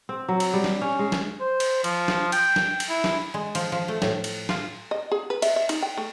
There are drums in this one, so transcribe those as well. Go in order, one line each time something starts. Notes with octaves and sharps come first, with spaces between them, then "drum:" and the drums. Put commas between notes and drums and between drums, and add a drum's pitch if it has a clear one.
C4
F#3
drum: cymbal
G3
drum: snare
C#4
G#3
drum: snare
C5
drum: cymbal
F3, drum: cymbal
drum: snare
G5, drum: cymbal
drum: snare
drum: cymbal
E4
drum: snare
G#3
F3, drum: cymbal
F3
A3
A2, drum: snare
drum: cymbal
F4, drum: snare
D#5
G#4
B4
E5, drum: cymbal
E5
D#4, drum: cymbal
G5
A3